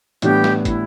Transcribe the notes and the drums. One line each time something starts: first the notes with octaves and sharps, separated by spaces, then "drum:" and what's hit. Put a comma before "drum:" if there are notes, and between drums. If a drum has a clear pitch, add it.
A2 E3 G3 B3 D4 G4, drum: hi-hat
drum: snare
E4, drum: kick, hi-hat